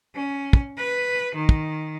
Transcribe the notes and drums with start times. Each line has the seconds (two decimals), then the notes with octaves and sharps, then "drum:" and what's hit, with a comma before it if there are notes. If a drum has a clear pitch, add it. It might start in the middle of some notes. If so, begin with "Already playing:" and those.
0.15 C#4
0.53 drum: kick
0.78 B4
1.36 D#3
1.49 drum: kick